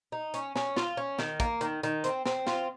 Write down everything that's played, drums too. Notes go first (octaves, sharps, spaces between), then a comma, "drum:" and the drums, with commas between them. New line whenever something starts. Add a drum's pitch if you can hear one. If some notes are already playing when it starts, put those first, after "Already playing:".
D#4
C#4, drum: hi-hat
C#4, drum: snare
F4, drum: snare
C#4
D#3, drum: snare
A#3, drum: kick, hi-hat
D#3, drum: hi-hat
D#3, drum: hi-hat
C4, drum: hi-hat
C4, drum: snare
F4, drum: snare